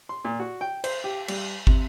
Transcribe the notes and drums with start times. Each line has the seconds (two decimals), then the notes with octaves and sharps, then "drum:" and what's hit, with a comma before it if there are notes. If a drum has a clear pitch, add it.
0.09 C6
0.25 A#2
0.40 F#4
0.61 G5
0.84 C5, drum: cymbal
1.04 G4
1.28 G3, drum: cymbal
1.67 C3, drum: kick